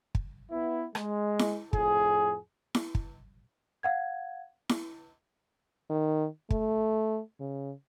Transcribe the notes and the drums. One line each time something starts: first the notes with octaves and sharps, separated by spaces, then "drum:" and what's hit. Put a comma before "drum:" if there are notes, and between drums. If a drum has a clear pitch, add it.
drum: kick
B3 E4
G#3, drum: rim click
drum: snare E4
F2 A2 G#4, drum: kick
drum: snare E4
drum: kick
F5 F#5 G#6
drum: snare E4
D#3
A3, drum: kick
C#3